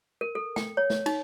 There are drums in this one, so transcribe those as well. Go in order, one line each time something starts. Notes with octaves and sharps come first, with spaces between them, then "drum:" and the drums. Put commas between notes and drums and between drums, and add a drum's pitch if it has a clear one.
A#4
A4
G5, drum: snare A3
C#5
drum: snare A3
D#4, drum: cymbal